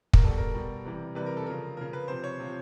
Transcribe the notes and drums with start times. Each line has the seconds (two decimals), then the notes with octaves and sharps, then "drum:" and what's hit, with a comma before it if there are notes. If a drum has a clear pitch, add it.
0.13 A#4, drum: kick
0.23 B2 G3 A4
0.38 A#4
0.54 B2 G3
0.85 C3 E3 G3
1.15 C3 E3 G3 B4
1.26 A#4
1.37 A4
1.46 C#3 F3 A#4
1.77 C#3 F3 A#4
1.93 B4
2.08 C3 F3 C5
2.24 C#5
2.40 C3 F3